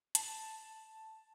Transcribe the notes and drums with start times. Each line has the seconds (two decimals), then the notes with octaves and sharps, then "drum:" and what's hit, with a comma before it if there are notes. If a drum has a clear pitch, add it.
0.15 A5, drum: hi-hat